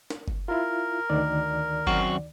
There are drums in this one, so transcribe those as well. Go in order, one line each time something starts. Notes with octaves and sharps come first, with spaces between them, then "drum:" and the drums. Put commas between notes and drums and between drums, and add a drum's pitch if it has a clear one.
drum: snare
drum: kick F#1
E4 F4 A#4
D2 D#3 D5
F#2 C4 F#4, drum: kick F#1